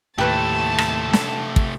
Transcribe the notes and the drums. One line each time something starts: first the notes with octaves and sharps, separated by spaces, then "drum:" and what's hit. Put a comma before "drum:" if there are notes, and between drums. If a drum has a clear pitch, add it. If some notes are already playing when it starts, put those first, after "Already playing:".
D#2 A2 C3 A3 G4 B4 C#5 A5
drum: rim click
drum: snare
drum: kick